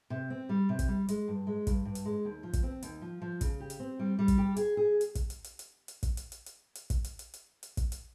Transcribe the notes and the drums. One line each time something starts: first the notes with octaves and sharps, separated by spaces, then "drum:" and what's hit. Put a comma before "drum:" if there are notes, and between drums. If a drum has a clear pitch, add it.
C3
C4
G3
C3
drum: kick, hi-hat
G3
G#3, drum: hi-hat
G2
G#3
G2, drum: kick, hi-hat
G2
drum: hi-hat
G#3
D#2
F3
drum: kick, hi-hat
C4
D#2, drum: hi-hat
F3
F3
C#3, drum: kick, hi-hat
G4
drum: hi-hat
C4
G3
G3
drum: kick, hi-hat
G4
G#4, drum: hi-hat
G#4
drum: hi-hat
drum: kick, hi-hat
drum: hi-hat
drum: hi-hat
drum: hi-hat
drum: hi-hat
drum: kick, hi-hat
drum: hi-hat
drum: hi-hat
drum: hi-hat
drum: hi-hat
drum: kick, hi-hat
drum: hi-hat
drum: hi-hat
drum: hi-hat
drum: hi-hat
drum: kick, hi-hat
drum: hi-hat